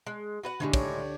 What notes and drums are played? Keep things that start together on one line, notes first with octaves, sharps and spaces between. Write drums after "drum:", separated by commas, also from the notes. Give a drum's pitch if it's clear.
G#3
F#4 B4 F#5
A2 D3 D#3 G#3 D4 G4
C#5 D5, drum: kick, cymbal